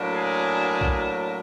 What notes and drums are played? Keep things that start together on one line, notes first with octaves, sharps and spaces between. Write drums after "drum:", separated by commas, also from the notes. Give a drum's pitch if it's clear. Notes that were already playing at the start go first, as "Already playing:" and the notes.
Already playing: A2 F#3 A#3 D4
G#4
drum: kick B1